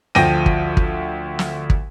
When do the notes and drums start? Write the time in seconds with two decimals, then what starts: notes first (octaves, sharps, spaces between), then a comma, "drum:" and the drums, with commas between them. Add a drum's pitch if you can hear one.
0.15 D2 F3 G5 A#6 D#7, drum: snare
0.46 drum: kick
0.77 drum: kick
1.39 drum: snare
1.70 drum: kick